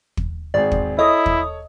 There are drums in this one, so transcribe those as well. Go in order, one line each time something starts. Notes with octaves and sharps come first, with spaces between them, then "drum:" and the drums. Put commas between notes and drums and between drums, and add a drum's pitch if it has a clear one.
drum: kick
G#1 C4 G#4 D5
drum: kick
E4 A4 C#5 D#5 D#6
drum: kick